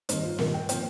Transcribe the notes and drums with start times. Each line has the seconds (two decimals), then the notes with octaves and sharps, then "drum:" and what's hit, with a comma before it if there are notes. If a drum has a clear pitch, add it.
0.09 G2 D#3 D#4, drum: hi-hat
0.24 F4
0.38 G2 D#3 A#4, drum: snare
0.54 G5
0.69 A#2 F3 G5, drum: hi-hat